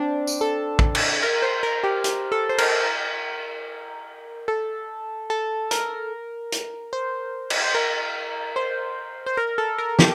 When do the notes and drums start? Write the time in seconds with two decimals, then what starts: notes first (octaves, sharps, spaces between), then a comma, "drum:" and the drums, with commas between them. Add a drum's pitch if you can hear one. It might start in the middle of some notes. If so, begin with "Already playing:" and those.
Already playing: C4 D4
0.27 drum: tambourine
0.41 A4
0.79 drum: kick
0.95 drum: cymbal
1.23 A#4
1.42 C5
1.63 A#4
1.83 G4
2.04 G4, drum: hi-hat
2.32 A4
2.49 C5
2.58 A#4, drum: cymbal
4.48 A4
5.30 A4
5.71 A#4, drum: hi-hat
6.52 drum: hi-hat
6.93 C5
7.50 drum: cymbal
7.64 C5
7.75 A#4
8.56 C5
9.26 C5
9.37 A#4
9.58 A4
9.78 A#4
9.99 G4, drum: snare